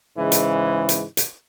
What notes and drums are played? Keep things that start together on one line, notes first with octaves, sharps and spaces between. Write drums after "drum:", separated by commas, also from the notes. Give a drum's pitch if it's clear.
G#2 C#3 E3 G#3
drum: hi-hat
drum: hi-hat
drum: hi-hat